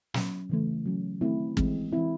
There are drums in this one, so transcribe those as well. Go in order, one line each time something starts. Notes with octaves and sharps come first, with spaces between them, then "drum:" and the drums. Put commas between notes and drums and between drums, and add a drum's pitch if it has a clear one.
F#3 C#4, drum: snare
C#3 E3 A3
F#3 C#4
D#3 A3 C4 E4
E3 G#3 C4, drum: kick
E3 C4 E4